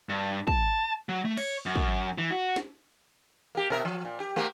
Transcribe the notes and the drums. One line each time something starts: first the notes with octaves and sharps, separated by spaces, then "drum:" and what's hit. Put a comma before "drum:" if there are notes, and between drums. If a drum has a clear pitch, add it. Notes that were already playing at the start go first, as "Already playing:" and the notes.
G2
A5, drum: kick
F#3
A3
C#5, drum: cymbal
F#2
drum: kick
E3
F#4
drum: snare
A#3 G4
B2 A#4 E5
F3
A#2
G4
A3 A#3 G4